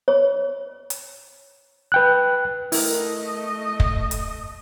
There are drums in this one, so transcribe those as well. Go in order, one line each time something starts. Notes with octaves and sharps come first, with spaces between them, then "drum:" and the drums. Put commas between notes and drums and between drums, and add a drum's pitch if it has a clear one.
C#5
drum: hi-hat
B4 G5 F#6
A3 E4 A#4 D#5, drum: open hi-hat
drum: kick
drum: hi-hat